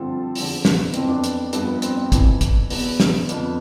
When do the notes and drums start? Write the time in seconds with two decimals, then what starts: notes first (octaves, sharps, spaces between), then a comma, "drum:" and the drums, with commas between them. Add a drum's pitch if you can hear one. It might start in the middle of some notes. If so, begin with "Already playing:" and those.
Already playing: G2 D3 F3 C4 F4 A4
0.35 E2 D3 F3, drum: open hi-hat
0.65 B3, drum: snare
0.94 F2 E3 C4, drum: hi-hat
1.09 B3 D4
1.24 drum: hi-hat
1.53 G2 F3 B3, drum: hi-hat
1.68 B3
1.82 C4, drum: hi-hat
1.97 C4
2.12 F2 C3 E3, drum: kick, hi-hat
2.41 drum: kick, hi-hat
2.70 E2 B2 B3, drum: open hi-hat
3.00 drum: snare
3.29 F2 D3 F3 B3, drum: hi-hat